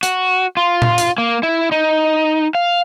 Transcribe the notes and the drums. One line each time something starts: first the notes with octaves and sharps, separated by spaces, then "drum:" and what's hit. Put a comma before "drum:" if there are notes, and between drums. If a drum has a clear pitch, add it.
F#4, drum: hi-hat
F4
drum: tom A#2
drum: hi-hat
A#3
E4
D#4
F5